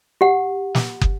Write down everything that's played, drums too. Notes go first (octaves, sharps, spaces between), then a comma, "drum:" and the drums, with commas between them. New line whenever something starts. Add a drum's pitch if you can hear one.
G4 F#5
drum: snare
drum: kick